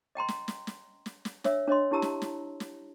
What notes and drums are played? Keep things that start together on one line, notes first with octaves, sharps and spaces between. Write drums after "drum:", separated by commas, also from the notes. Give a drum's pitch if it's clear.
D#5 G5 A#5 C6
drum: snare
drum: snare
drum: snare
drum: snare
drum: snare
D4 C#5 E5 E6, drum: snare
D4 C#5 D#5 C6
D4 E4 G4 A5 A#5 E6
drum: snare
drum: snare
drum: snare